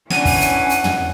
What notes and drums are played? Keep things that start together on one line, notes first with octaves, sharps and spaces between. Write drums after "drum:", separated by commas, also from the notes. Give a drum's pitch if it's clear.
E3 C#4 D4 C#5 F#5 D#7, drum: snare
drum: kick, open hi-hat
drum: hi-hat
drum: hi-hat
drum: tom